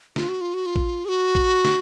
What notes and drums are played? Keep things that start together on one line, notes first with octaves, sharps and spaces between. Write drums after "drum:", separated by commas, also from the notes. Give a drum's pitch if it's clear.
F4, drum: snare
F#4
F4
F#4
F4
drum: kick A1
G#4
F#4
drum: kick A1
drum: snare